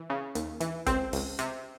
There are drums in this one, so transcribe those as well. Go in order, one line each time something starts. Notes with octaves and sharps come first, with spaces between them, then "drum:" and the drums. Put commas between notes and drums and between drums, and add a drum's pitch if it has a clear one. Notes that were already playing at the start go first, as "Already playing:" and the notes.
Already playing: E3
C#3
D#2, drum: hi-hat
E3, drum: hi-hat
C#2 C4, drum: kick G1, hi-hat
C#2, drum: open hi-hat
C3, drum: hi-hat